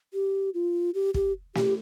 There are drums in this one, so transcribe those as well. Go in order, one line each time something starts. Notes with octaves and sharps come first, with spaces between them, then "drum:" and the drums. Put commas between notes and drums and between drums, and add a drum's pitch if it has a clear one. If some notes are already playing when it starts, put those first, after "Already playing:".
G4
F4
G4
G4, drum: kick
G4, drum: snare